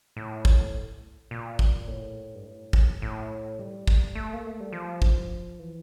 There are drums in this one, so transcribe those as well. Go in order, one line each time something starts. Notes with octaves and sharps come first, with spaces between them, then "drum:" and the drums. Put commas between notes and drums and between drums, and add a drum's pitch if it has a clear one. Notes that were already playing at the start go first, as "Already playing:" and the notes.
A2
drum: kick
A#2
drum: kick
A2
G2
A2
drum: kick
A2
G3
drum: kick
A3
A#3
A3
G3
F3
drum: kick
E3